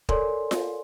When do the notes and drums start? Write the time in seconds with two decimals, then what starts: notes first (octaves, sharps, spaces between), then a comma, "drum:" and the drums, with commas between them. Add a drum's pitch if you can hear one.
0.09 A4 A#4 C#5 D5 G#5 C6, drum: kick
0.51 drum: snare F4